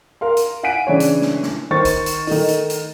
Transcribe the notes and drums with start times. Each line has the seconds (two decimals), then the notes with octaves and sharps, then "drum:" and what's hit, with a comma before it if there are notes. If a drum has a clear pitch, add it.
0.21 A#4 F5 C6
0.37 drum: hi-hat
0.63 F5 F#5 G#5 B6 D7 D#7
0.87 C#3 E3 D4 C#5
1.00 drum: hi-hat
1.21 drum: snare
1.43 drum: snare
1.71 D#3 C5 C#6 A6
1.85 drum: kick B1, hi-hat
2.06 drum: hi-hat
2.27 D#3 A3 D#4, drum: open hi-hat
2.48 drum: hi-hat
2.70 drum: hi-hat